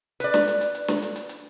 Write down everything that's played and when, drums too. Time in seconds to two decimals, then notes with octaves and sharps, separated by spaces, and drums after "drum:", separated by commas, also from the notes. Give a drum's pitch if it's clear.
0.20 B4 D5, drum: hi-hat
0.34 drum: snare
0.47 drum: hi-hat
0.61 drum: hi-hat
0.75 drum: hi-hat
0.88 drum: snare
1.02 drum: hi-hat
1.16 drum: hi-hat
1.29 drum: hi-hat